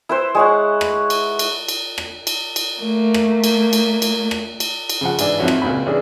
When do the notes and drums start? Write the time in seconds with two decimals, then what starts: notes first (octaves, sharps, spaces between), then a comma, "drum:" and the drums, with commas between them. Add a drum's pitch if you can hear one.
0.09 E4 B4 C5
0.35 G#3 C#5 F#5
0.81 drum: rim click
1.10 drum: cymbal
1.39 drum: cymbal
1.68 drum: cymbal
1.98 drum: rim click
2.27 drum: cymbal
2.56 drum: cymbal
2.80 A3 A#3
3.14 drum: rim click
3.44 drum: cymbal
3.73 drum: cymbal
4.02 drum: cymbal
4.31 drum: rim click
4.60 drum: cymbal
4.89 drum: cymbal
5.01 C#3 F3 F#5
5.19 G#2 E3 D4 D6, drum: cymbal
5.39 G#1 F2 F3 F#4 C#5 E5
5.48 drum: rim click
5.62 C#2 A#2 C4 F#4 B5
5.86 E3 C#4 D4 G#4